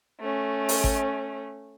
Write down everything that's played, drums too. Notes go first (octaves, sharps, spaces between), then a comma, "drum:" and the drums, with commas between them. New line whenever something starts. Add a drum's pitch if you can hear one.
A3 C#4
drum: open hi-hat
drum: kick G#1